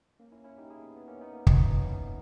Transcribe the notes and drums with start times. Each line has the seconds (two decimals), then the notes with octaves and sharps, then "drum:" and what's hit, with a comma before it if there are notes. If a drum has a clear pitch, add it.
0.20 A#3 C#4
0.32 C#4 E4
0.44 C#4 E4
0.58 D#4 G4
0.70 E4 G#4
0.83 B3
0.96 B3
1.08 A#3 C#4
1.21 B3 D#4
1.33 A#3 C#4
1.47 B3 D#4, drum: kick
1.59 B3 D#4
1.71 C#4 E4